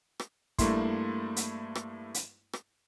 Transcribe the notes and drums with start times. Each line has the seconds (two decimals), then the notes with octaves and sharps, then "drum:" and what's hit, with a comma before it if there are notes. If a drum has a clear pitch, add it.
0.20 drum: rim click
0.59 G2 A3 A#3 E4 C6, drum: kick, hi-hat
1.36 drum: hi-hat
1.75 drum: rim click
2.14 drum: hi-hat
2.53 drum: rim click